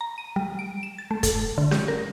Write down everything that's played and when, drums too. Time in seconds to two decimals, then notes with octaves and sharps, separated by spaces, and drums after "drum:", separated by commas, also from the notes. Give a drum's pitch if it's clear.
0.01 A#5
0.18 D#7
0.36 G3
0.59 D7
0.83 E7
0.98 A6
1.11 A3
1.23 A4, drum: kick, hi-hat
1.58 D3
1.71 G4, drum: snare C#4
1.88 A#4